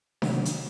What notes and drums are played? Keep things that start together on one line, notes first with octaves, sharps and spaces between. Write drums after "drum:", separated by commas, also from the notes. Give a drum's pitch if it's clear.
C3 D#3 F#3, drum: snare D4
drum: hi-hat